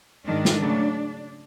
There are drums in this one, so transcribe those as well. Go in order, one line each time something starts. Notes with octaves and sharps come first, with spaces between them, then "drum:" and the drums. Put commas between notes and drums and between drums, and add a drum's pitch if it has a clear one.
G#2 D#3 G#3 D4
drum: snare
C#3 F#3 A3